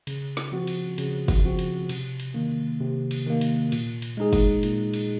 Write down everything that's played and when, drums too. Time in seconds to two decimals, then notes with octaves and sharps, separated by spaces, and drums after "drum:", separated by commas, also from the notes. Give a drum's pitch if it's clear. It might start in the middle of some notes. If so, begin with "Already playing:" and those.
0.07 C#3, drum: cymbal
0.37 drum: snare
0.52 F3 C4 F#4
0.67 drum: cymbal
0.98 C#3, drum: cymbal
1.28 drum: kick, cymbal
1.44 F3 C4 F#4
1.59 drum: cymbal
1.89 C3, drum: cymbal
2.20 drum: cymbal
2.34 D#3 A#3
2.81 C3
3.11 drum: cymbal
3.26 D#3 A#3
3.41 drum: cymbal
3.72 A#2, drum: cymbal
4.02 drum: cymbal
4.17 G#3 D#4 G#4
4.33 drum: kick, cymbal
4.63 A#2, drum: cymbal
4.94 drum: cymbal